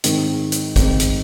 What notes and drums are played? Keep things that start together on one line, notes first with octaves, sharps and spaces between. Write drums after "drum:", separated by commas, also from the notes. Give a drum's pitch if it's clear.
G#2 D#3 C4 D#4, drum: hi-hat
drum: hi-hat
G#2 D#3 C4 D#4, drum: kick A1, hi-hat
drum: hi-hat